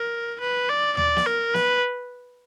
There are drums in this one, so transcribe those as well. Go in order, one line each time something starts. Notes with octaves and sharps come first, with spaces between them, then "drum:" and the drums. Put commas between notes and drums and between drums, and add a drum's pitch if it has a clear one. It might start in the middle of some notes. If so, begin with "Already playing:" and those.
Already playing: A#4
B4
D5
D5, drum: tom D#2
drum: snare
A#4
B4, drum: snare